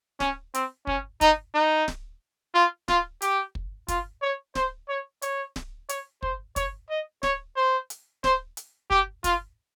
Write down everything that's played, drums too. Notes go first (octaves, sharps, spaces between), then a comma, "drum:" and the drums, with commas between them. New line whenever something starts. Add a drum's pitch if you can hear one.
C#4, drum: snare D1
C4, drum: hi-hat
C#4, drum: kick
D#4, drum: kick, hi-hat
D#4
drum: snare D1
F4
F4, drum: snare D1
G4, drum: hi-hat
drum: kick
F4, drum: kick, hi-hat
C#5
C5, drum: snare D1
C#5
C#5, drum: hi-hat
drum: snare D1
C#5, drum: hi-hat
C5, drum: kick
C#5, drum: kick, hi-hat
D#5
C#5, drum: snare D1
C5
drum: hi-hat
C5, drum: snare D1
drum: hi-hat
G4, drum: kick
F4, drum: kick, hi-hat